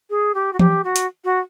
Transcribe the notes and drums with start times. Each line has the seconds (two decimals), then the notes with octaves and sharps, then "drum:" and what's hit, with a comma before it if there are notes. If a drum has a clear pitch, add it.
0.10 G#4
0.34 G4
0.53 F#4
0.59 G4, drum: tom E3
0.84 F#4
0.96 drum: hi-hat
1.24 F#4